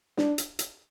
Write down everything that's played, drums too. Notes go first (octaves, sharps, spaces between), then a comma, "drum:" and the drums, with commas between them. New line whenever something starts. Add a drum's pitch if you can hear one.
D4, drum: snare
drum: hi-hat
drum: hi-hat